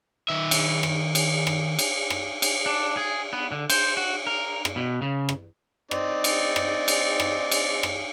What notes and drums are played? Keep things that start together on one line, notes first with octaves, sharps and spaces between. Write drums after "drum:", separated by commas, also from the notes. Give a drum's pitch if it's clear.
D#3 E5
drum: cymbal
drum: rim click
drum: cymbal
drum: rim click
drum: cymbal
drum: rim click
drum: cymbal
D4
G#4
B3
D3
C5, drum: cymbal
F#4
A#4
drum: rim click
B2
C#3
drum: rim click
C4 D#4 D5, drum: rim click
drum: cymbal
drum: rim click
drum: cymbal
drum: rim click
drum: cymbal
drum: rim click